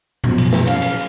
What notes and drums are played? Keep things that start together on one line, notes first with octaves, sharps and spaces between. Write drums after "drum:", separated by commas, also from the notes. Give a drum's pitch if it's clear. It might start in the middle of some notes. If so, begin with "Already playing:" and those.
F#2 B2 F3, drum: tom A2
drum: cymbal
drum: snare
C#4 F5, drum: cymbal
drum: cymbal